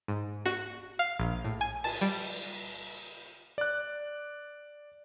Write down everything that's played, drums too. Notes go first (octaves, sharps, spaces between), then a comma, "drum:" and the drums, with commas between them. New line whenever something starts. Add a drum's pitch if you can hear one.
G#2
F#4, drum: snare
F5
A#1
A2
G#5
A5, drum: cymbal
G3, drum: cymbal
D5 F#6